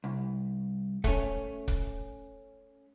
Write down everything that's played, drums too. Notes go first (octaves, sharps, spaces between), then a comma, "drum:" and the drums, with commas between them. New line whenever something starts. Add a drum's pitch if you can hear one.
C2
A3 C#4, drum: kick
drum: kick